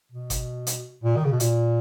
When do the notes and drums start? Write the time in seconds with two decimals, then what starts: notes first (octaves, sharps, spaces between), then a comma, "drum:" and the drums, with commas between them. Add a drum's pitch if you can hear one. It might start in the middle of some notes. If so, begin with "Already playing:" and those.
0.12 B2
0.30 drum: kick G1, hi-hat
0.67 drum: hi-hat
1.03 A#2
1.16 D#3
1.25 C#3
1.32 B2
1.40 A#2, drum: hi-hat